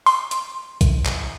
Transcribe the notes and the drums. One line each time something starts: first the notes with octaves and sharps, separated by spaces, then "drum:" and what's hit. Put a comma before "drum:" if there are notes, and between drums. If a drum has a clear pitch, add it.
C6, drum: open hi-hat
drum: hi-hat
drum: kick A#1, hi-hat
drum: clap